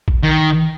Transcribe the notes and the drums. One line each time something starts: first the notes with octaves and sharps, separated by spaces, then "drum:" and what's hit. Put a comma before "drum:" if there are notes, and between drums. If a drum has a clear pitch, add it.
drum: kick A#1
D#3